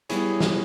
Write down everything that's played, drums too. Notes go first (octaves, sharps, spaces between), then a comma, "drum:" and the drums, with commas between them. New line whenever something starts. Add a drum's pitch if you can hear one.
G3 B3 E4 G#4 C#5, drum: hi-hat
drum: snare